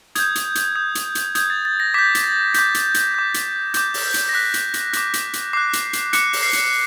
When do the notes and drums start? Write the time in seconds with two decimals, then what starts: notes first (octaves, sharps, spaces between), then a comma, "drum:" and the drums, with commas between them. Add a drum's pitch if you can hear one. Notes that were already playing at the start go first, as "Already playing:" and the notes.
0.15 D#6 G6 G#6, drum: hi-hat
0.35 drum: hi-hat
0.55 drum: hi-hat
0.75 D#6 G6
0.95 drum: hi-hat
1.15 drum: hi-hat
1.35 D#6 G6 G#6, drum: hi-hat
1.50 A6
1.65 A6
1.80 A#6
1.94 D6 G6 B6
2.15 drum: hi-hat
2.24 A6
2.54 D6 G6 B6, drum: hi-hat
2.74 drum: hi-hat
2.94 drum: hi-hat
3.14 D6 G6
3.34 drum: hi-hat
3.74 D6 G6, drum: hi-hat
3.94 drum: open hi-hat
4.14 drum: hi-hat
4.29 A#6
4.33 D6 F#6 B6
4.54 drum: hi-hat
4.74 drum: hi-hat
4.93 D6 F#6, drum: hi-hat
5.13 drum: hi-hat
5.33 drum: hi-hat
5.53 D6 F#6 C7
5.73 drum: hi-hat
5.93 drum: hi-hat
6.13 D6 F#6 C#7, drum: hi-hat
6.33 drum: open hi-hat
6.43 C7
6.53 drum: hi-hat